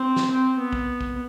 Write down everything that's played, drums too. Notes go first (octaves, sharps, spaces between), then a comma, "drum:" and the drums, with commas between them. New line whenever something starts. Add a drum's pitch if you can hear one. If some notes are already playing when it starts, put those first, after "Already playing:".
Already playing: C4
drum: snare
C4
B3
drum: kick A#1
drum: kick A#1